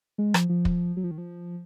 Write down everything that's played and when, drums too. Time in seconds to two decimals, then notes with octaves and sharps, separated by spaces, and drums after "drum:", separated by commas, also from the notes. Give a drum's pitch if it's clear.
0.18 G#3
0.34 F3, drum: rim click
0.49 F3
0.65 drum: kick
0.97 F#3
1.04 F3
1.11 D#3
1.18 F3